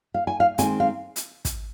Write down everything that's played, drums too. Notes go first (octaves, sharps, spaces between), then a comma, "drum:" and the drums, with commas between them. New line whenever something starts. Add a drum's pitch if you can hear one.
F5
G#5
F5
D#3 G#3 C4 G#5, drum: hi-hat
F5
drum: hi-hat
drum: kick, hi-hat